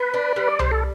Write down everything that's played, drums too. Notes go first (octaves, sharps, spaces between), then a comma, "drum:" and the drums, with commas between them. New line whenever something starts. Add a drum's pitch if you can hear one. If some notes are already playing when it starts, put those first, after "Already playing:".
Already playing: B3 B4
D4
G3 B4
D5
G3 C5, drum: tom C2
A4